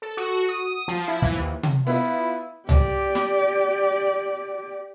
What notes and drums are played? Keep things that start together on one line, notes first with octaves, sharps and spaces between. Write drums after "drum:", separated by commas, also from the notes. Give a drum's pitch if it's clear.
A4
F#4
D#6
F3
E4
E3, drum: kick
D#2
drum: tom C3
B3 E4 F4
G4 D5, drum: tom C2
drum: snare